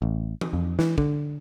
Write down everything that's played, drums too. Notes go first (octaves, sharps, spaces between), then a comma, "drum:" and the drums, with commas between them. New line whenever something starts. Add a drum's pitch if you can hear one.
A1
drum: tom E3
F2
E3, drum: snare
D3, drum: kick